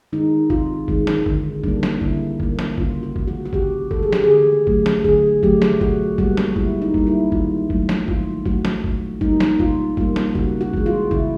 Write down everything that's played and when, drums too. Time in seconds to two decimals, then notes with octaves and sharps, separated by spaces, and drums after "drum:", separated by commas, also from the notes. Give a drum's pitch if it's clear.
0.13 D#3 G#3 D#4
0.50 C3 F4, drum: kick G1
0.88 D#3 G#3, drum: kick G1
1.07 drum: snare
1.26 D3, drum: kick G1
1.64 G3 A#3 D4, drum: kick G1
1.83 drum: snare
2.01 D3 E4, drum: kick G1
2.40 G3 A#3, drum: kick G1
2.59 drum: snare
2.78 C#3 F4, drum: kick G1
3.03 F#4
3.16 E3 G#3, drum: kick G1
3.28 F#4
3.46 F#4
3.53 C#3 G4, drum: kick G1
3.91 E3 G#3 A4, drum: kick G1
4.03 G#4
4.13 G4, drum: snare
4.24 D3 G#4
4.67 F#3 A3, drum: kick G1
4.86 drum: snare
5.04 D3 G#4, drum: kick G1
5.43 F#3 A3 G4, drum: kick G1
5.62 drum: snare
5.81 B2 F#4, drum: kick G1
6.18 G3 A#3 F#4, drum: kick G1
6.37 drum: snare
6.56 B2 E4, drum: kick G1
6.82 D#4
6.94 G3 A#3, drum: kick G1
7.07 E4
7.32 D#3 F4, drum: kick G1
7.70 F#3 A3, drum: kick G1
7.89 drum: snare
8.08 D#3 F4, drum: kick G1
8.46 F#3 A3 F#4, drum: kick G1
8.65 drum: snare
8.84 B2, drum: kick G1
9.21 G3 A#3 D#4, drum: kick G1
9.40 drum: snare
9.60 B2 F4, drum: kick G1
9.97 G3 A#3 F4, drum: kick G1
10.16 drum: snare
10.35 C#3 F#4, drum: kick G1
10.61 F#4
10.74 E3 G#3, drum: kick G1
10.86 F4
11.11 C#3 E4, drum: kick G1